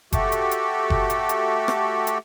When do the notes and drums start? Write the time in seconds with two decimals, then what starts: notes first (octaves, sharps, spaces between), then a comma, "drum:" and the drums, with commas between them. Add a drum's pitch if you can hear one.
0.12 A3 F#4 G4 A4, drum: kick F#1, hi-hat
0.32 drum: hi-hat
0.51 drum: hi-hat
0.90 drum: kick F#1
1.10 drum: hi-hat
1.29 drum: hi-hat
1.68 drum: rim click
2.07 drum: hi-hat